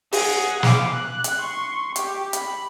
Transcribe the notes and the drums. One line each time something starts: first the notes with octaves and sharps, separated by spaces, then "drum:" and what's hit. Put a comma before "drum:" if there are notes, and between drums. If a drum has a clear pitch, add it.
G#4 F#5, drum: open hi-hat
F5 D6, drum: snare
F#6
drum: hi-hat
C6 C#6
G4, drum: hi-hat
B5, drum: hi-hat